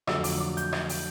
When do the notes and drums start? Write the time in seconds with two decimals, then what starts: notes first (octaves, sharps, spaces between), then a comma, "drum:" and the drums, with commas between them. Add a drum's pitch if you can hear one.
0.07 F2 D3 F#3 A3 E6, drum: rim click
0.24 D6, drum: open hi-hat
0.40 D6
0.57 G6, drum: hi-hat
0.73 G#6, drum: rim click
0.89 drum: open hi-hat